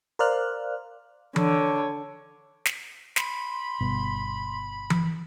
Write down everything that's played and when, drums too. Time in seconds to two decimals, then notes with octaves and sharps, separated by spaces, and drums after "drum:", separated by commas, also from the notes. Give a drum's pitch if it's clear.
0.19 A#4 C5 D5 F5 F6 F#6
1.36 D3 C#5, drum: tom E3
2.65 drum: snare
3.16 B5 C6, drum: snare
3.81 G1 B2
4.90 drum: tom E3